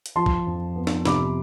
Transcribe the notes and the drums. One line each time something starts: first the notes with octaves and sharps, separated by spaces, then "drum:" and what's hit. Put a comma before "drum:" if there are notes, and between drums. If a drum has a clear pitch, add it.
drum: hi-hat
F3 A5 C6
drum: kick
F2
B3
drum: snare
C3 B5 D6, drum: snare